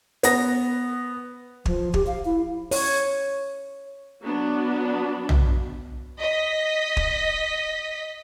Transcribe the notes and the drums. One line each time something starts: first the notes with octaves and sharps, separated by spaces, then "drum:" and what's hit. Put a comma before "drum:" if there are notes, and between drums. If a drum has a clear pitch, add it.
B3 A#6, drum: hi-hat
F3, drum: kick
G4, drum: kick
F5
E4
C#5, drum: open hi-hat
F#3 B3 D4
drum: tom
D#5 B6
drum: kick